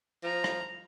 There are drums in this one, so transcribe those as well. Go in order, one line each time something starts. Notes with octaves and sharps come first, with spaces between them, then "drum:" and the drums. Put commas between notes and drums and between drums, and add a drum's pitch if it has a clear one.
F3 A#5
drum: rim click